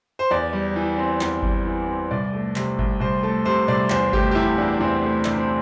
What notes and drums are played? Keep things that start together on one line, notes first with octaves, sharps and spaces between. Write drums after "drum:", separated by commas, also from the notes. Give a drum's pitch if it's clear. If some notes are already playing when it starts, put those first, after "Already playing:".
C5
E2 D5
G3
E3
C4
E2, drum: clap
G3, drum: kick G1
E3
C4
C2 D5
A3
C3, drum: clap
C2, drum: kick G1
C2 C5
A3 A4
C3 C5
C2 D5
E2 C5, drum: clap
A3 G4, drum: kick G1
G4
C3 E4
E2 D4
E2 C4
A3
C3 D4, drum: clap
C4